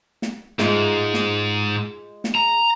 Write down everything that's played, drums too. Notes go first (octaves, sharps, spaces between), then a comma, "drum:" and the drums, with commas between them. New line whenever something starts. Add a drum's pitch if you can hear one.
drum: snare
G#2 G#3 F4, drum: snare
drum: snare
drum: snare
A#5